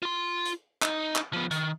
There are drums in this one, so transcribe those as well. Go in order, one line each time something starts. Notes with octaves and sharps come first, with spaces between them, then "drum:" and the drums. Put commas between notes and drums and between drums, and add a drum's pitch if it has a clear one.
F4 C6
drum: hi-hat
D#4, drum: clap
drum: clap
F3 B3
D#3, drum: hi-hat